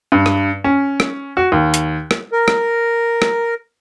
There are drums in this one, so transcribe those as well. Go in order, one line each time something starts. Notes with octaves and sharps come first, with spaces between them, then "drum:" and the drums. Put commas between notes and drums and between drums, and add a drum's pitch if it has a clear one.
G2
drum: rim click
C#4
drum: rim click
F#4
D#2
drum: hi-hat
drum: rim click
A#4
drum: rim click
drum: rim click